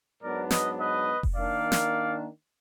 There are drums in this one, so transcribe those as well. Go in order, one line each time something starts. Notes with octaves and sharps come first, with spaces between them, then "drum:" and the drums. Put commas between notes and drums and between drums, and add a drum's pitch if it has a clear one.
G#2 F#3 B3 D4 A#4 D5
B4 D#5, drum: snare
B4 D#5
drum: kick F1
D#3 A#3 D4 D5 F5
drum: snare